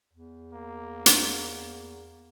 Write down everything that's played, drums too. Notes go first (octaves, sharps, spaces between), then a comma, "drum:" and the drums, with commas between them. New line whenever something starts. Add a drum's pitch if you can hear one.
E2
A#3
drum: hi-hat